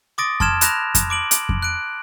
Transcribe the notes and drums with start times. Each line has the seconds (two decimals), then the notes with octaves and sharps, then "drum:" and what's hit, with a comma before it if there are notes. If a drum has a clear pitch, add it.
0.18 C6 D6 D#6 A6 A#6 D7
0.40 A5 C6 F6 G#6 E7, drum: kick F2
0.61 B5 F#6 A#6 E7 F7, drum: hi-hat
0.95 drum: kick F2, hi-hat
1.10 D6 D7 F#7
1.31 drum: hi-hat
1.49 drum: kick F2
1.62 F#6 D7